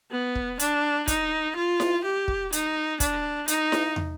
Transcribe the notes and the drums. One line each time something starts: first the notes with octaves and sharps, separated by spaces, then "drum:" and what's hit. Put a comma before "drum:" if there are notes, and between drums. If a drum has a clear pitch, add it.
B3
drum: kick
D4, drum: hi-hat
D#4, drum: kick, hi-hat
F4
drum: snare E4
G4
drum: kick
D#4, drum: hi-hat
D4, drum: kick, hi-hat
D#4, drum: hi-hat
drum: snare E4
drum: tom